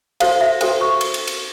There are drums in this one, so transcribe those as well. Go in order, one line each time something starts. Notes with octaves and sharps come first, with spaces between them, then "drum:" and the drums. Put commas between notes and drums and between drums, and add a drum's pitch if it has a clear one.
F#4 A4 C5 F5, drum: cymbal
E5
F#4 A4 C5 G5, drum: cymbal
C#6
drum: cymbal
drum: cymbal
drum: cymbal